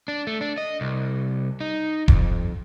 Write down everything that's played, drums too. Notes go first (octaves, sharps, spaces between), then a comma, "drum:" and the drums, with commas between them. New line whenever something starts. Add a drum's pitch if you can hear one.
D4
A3
D4
D#5
C2
D#4
F2, drum: kick E1